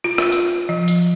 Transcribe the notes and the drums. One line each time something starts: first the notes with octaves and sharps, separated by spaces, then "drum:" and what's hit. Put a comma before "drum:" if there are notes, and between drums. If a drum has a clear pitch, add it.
F4
drum: rim click
drum: hi-hat
F3
drum: hi-hat